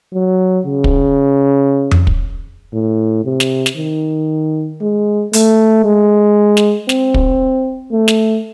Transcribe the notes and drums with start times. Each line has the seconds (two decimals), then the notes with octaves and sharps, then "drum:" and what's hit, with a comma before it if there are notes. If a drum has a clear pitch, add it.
0.14 F#3
0.66 C#3
0.84 drum: kick
1.91 drum: tom F2
2.07 drum: kick
2.73 A2
3.25 C3
3.40 drum: snare
3.66 drum: snare
3.77 D#3
4.82 G#3
5.33 A3, drum: hi-hat
5.85 G#3
6.57 drum: snare
6.89 C4, drum: snare
7.14 drum: kick
7.92 A3
8.08 drum: snare